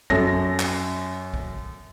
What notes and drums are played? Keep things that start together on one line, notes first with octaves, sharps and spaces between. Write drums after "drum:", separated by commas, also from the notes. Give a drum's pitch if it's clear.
F#2 A4 C#5 A#6, drum: kick
drum: clap
drum: kick